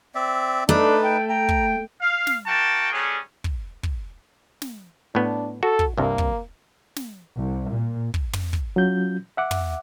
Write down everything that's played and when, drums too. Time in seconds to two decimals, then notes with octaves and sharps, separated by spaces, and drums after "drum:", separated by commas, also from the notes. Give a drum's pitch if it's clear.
0.15 C4 D5 E5
0.69 A3 D4 D#4 B4
1.04 G5
1.29 G5 A#5
1.49 drum: kick
2.00 F5
2.27 drum: snare
2.46 A#3 F#4 G5 A5
2.92 G3 A3 C#4 D4 G#4
3.44 drum: kick
3.83 drum: kick
4.62 drum: snare
5.15 A2 B3 D4
5.63 F#4 A4
5.79 drum: kick
5.98 C2 G2 A#3
6.18 drum: kick
6.96 drum: snare
7.38 C2
7.69 A#2
8.14 drum: kick
8.33 drum: tom
8.53 drum: kick
8.76 F#3 C#4 F4 G6
9.37 E5 F#5 D6
9.51 drum: tom